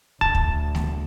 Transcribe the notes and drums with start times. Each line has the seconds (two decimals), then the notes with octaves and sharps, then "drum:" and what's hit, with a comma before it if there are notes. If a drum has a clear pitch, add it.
0.21 D2 A5, drum: kick
0.35 drum: kick
0.75 drum: snare A3